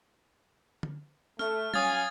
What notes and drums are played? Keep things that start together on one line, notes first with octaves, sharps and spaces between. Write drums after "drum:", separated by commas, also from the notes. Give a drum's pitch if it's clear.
drum: tom D3
A3 F6, drum: snare C#4
F#3 C#4 F5 G#5 D#6 G#6 A6, drum: tom G3